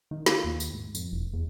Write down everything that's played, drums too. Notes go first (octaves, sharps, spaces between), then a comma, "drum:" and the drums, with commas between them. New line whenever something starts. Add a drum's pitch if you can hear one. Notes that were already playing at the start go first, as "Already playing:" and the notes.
D#3
F4, drum: snare
D#2
drum: tambourine
G#2
F2, drum: tambourine
E1
E2